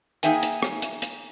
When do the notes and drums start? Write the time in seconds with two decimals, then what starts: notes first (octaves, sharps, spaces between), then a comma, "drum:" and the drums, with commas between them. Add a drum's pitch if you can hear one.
0.23 A#3 D#4 G#4 E5 G5 G#5, drum: hi-hat
0.43 drum: hi-hat
0.63 drum: rim click
0.82 drum: hi-hat
1.02 drum: hi-hat